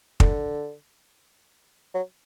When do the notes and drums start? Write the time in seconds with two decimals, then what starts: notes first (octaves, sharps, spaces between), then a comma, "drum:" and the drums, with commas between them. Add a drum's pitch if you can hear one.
0.20 D3, drum: kick
1.95 F#3